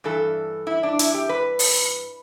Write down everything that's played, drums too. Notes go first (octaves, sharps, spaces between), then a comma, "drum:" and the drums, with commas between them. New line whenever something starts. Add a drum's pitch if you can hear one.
G2 E3 A4
E4
D4
E4, drum: hi-hat
G4
B4
drum: open hi-hat